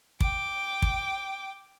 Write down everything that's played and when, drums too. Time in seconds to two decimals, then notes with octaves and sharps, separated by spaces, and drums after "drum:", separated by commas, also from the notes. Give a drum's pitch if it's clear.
0.20 G5 D6, drum: kick
0.82 drum: kick